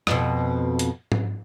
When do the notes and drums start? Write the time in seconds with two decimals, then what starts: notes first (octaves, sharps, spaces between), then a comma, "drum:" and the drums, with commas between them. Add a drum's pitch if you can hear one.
0.07 F2 B2, drum: rim click
0.79 drum: hi-hat
1.12 drum: tom G#2